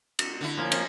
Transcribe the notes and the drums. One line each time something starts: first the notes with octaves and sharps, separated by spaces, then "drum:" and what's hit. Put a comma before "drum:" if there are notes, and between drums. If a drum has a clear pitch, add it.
drum: cymbal
D3 E4
F3 A#3 C#4
C4, drum: cymbal